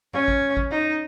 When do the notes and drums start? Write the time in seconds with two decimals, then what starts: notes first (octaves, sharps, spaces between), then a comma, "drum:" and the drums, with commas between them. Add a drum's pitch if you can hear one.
0.13 C#4, drum: tom G#2
0.28 drum: kick
0.57 drum: kick
0.71 D#4